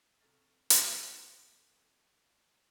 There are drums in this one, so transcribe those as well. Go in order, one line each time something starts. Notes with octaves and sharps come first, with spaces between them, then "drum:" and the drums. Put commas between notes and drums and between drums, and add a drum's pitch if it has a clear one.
C3 A4 A#5 C#6 F6 A6
drum: hi-hat